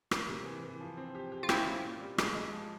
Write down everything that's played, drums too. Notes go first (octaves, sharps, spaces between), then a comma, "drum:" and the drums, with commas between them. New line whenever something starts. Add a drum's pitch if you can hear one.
A#3, drum: rim click
C3
E3
E3
F3
C4
G4
G4
F4
C4 C#4 E4, drum: rim click
F4
A#2
G3
G#3, drum: rim click
G#3
F3